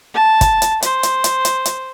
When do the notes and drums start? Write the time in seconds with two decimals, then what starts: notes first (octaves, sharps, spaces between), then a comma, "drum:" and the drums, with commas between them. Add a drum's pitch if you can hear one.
0.14 A5
0.41 drum: kick, hi-hat
0.62 drum: hi-hat
0.82 C5, drum: hi-hat
1.03 drum: hi-hat
1.24 drum: hi-hat
1.45 drum: hi-hat
1.65 drum: hi-hat